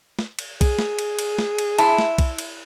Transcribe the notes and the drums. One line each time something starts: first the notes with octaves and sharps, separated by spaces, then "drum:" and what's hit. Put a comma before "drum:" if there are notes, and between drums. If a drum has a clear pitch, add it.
drum: snare
drum: cymbal
G#4, drum: kick B1, cymbal
drum: snare
drum: cymbal
drum: cymbal
drum: snare
drum: cymbal
E4 A5 C6, drum: cymbal
drum: snare
drum: kick B1, cymbal
drum: cymbal